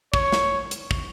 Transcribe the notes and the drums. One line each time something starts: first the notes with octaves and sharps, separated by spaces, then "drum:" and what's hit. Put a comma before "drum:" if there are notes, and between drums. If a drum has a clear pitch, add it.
C#5, drum: kick
drum: snare
drum: hi-hat
drum: kick